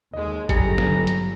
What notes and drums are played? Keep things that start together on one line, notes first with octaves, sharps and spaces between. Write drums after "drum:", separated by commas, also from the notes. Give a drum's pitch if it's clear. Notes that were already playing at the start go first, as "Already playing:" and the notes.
D#2 G#3 D#5
G1 F#3 G3 A3 G#5 A#5 C#7, drum: kick G1, hi-hat
drum: snare
drum: hi-hat